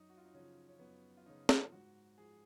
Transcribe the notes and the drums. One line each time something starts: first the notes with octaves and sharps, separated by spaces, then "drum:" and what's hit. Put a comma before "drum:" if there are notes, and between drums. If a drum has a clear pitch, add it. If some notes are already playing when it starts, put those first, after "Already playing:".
Already playing: F#2 D#4
F#4
F4
D#4
C#3 F3 C#4
C#4
F#2 B3
F4
C#3 F3 D#4
F4, drum: snare
G#2 F#4
F3 G#4